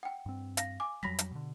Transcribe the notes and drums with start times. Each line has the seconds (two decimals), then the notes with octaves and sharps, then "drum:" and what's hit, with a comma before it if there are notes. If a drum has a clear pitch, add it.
0.03 F#5 G5
0.26 G2 C4
0.57 F5 A#6, drum: hi-hat
0.80 G#5 D6
1.03 F2 F#3 G3 B5 A#6 B6
1.19 drum: hi-hat
1.31 B2 D3